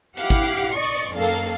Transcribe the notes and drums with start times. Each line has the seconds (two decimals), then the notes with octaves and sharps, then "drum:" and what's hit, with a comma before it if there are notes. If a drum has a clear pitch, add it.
0.17 E4 G4 F5 F#5, drum: hi-hat
0.30 drum: kick, hi-hat
0.43 drum: hi-hat
0.56 drum: hi-hat
0.73 D5 D#5 C#6 C#7
0.83 drum: hi-hat
0.96 drum: hi-hat
1.13 F#2 D#3 A#3 A4 F5
1.22 drum: open hi-hat
1.35 drum: hi-hat